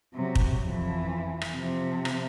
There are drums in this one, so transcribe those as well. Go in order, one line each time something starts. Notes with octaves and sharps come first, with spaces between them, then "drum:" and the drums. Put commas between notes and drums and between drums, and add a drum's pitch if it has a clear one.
C3 F#3
drum: kick
F2 E3
drum: rim click
C3 F3
drum: rim click